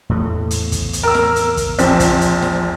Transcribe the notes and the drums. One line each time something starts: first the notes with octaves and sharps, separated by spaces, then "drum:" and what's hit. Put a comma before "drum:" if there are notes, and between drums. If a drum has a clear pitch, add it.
E2 A2 A3
drum: hi-hat
drum: kick, hi-hat
drum: hi-hat
A#4 E6
drum: snare
drum: hi-hat
drum: kick, hi-hat
A#1 C4, drum: hi-hat
drum: kick, hi-hat
drum: hi-hat
drum: snare